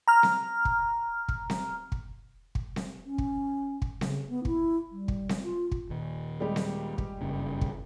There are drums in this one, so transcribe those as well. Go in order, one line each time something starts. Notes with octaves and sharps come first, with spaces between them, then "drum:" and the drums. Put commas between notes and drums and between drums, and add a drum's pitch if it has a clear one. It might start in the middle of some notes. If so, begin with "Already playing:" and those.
A#5 F6
drum: snare C4
drum: kick
drum: kick
drum: snare C4
drum: kick
drum: kick
drum: snare C4
C#4
drum: kick
drum: kick
C#3, drum: snare C4
B3
E4, drum: kick
G3
drum: kick
drum: snare C4
F4
drum: kick
D#2 A#2
G3 G#3 G4
drum: snare C4
drum: kick
F#1 G2 C#3
drum: kick